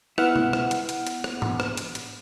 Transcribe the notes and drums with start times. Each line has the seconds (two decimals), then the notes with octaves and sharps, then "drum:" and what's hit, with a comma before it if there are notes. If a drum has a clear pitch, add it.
0.18 B3 E4 F#5 F6, drum: rim click
0.36 drum: tom B2
0.53 drum: rim click
0.71 drum: hi-hat
0.89 drum: hi-hat
1.07 drum: hi-hat
1.24 drum: rim click
1.42 drum: tom G#2
1.60 drum: rim click
1.77 drum: hi-hat
1.95 drum: hi-hat